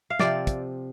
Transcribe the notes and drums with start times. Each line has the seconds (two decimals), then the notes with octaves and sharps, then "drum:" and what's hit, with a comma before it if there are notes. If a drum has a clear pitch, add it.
0.10 F5
0.19 C3 F3 C4 D5, drum: snare
0.47 drum: kick, hi-hat